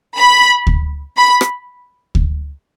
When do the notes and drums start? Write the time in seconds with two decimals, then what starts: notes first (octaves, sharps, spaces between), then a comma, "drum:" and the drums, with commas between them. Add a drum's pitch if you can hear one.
0.17 B5
0.67 drum: kick D2
1.17 B5
1.41 drum: rim click
2.15 drum: kick D2